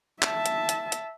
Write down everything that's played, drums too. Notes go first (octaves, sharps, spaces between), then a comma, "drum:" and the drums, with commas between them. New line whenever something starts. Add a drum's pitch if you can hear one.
E5 A5, drum: clap
drum: hi-hat
drum: hi-hat
drum: hi-hat